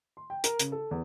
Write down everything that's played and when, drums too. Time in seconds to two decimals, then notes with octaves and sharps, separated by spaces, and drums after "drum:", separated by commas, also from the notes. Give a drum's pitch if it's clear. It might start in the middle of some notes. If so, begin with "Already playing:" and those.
0.17 C6
0.30 G5
0.44 A#4, drum: hi-hat
0.59 C#3, drum: hi-hat
0.72 A4
0.91 E2